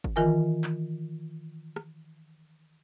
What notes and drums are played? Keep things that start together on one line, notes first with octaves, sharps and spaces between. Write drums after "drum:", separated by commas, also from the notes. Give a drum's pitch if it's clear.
drum: kick
D#3 E3 F4 A#4 G#5
drum: clap
drum: rim click